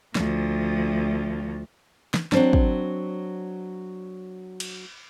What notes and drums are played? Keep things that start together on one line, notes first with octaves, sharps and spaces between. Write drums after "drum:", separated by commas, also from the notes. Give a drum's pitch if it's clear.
D2 F3, drum: snare
drum: snare
F#3 C4 D4, drum: snare
drum: kick
drum: cymbal